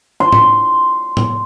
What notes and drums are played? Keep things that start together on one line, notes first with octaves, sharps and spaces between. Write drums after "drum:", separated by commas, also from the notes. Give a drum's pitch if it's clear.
C6
drum: tom
drum: tom